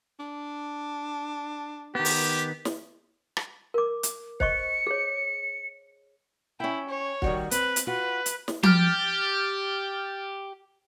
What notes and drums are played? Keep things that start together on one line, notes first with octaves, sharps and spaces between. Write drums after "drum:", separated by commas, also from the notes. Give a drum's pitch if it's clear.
D4
D#3 B3 G4
drum: open hi-hat
drum: snare
drum: rim click
A#4 D6
drum: hi-hat
C5 D#5 C#6 C#7, drum: kick
G#4 C#5
C#4 E4 G5
C#5
D#3 G3 F#4, drum: kick
C4 B4, drum: hi-hat
drum: hi-hat
F4 F#4 B4
drum: hi-hat
drum: snare
G4 F6 G6 A6, drum: tom F3